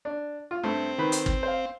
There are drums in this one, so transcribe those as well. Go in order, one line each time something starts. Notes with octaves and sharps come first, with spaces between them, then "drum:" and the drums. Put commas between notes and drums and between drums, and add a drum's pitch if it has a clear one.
D4
F4
G2 A3 C4
D#3 B4 B5
drum: hi-hat
drum: kick
C5 F5